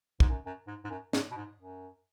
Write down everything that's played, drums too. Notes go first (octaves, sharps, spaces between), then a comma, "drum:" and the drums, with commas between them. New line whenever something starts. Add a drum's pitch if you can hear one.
G#2, drum: kick
F#2
F#2
G#2
G#2
F#2
G#2, drum: snare
B2
G#2
F#2